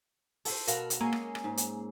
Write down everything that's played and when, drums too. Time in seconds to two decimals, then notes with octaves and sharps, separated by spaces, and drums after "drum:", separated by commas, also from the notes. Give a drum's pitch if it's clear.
0.45 A4 C5, drum: open hi-hat
0.67 B2 A#4 F5 F#5, drum: hi-hat
0.90 drum: hi-hat
1.01 G#3 A#3 C#4 D#5
1.13 drum: rim click
1.35 drum: rim click
1.44 G#2
1.57 drum: hi-hat